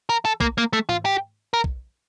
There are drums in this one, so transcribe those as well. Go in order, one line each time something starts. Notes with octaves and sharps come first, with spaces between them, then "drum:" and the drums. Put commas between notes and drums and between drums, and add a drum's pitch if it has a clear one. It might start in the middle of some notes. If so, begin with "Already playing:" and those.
A#4
A4
A#3, drum: kick B1
A#3
A3
F4, drum: tom G#2
G4
A#4
drum: kick B1